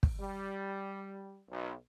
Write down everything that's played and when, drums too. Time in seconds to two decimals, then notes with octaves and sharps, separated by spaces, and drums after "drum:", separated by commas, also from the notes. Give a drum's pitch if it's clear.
0.03 drum: kick
0.20 G3
1.49 B1